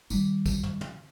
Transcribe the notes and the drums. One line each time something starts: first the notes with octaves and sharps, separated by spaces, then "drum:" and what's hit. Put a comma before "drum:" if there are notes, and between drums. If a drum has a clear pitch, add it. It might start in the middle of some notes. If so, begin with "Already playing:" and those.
D#3 G3, drum: tambourine
drum: kick, tambourine
drum: tom
drum: tom